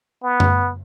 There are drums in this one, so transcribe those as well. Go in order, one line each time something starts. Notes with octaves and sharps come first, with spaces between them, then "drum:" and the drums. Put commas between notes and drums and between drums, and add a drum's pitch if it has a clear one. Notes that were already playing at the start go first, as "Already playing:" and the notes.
B3
drum: tom F#2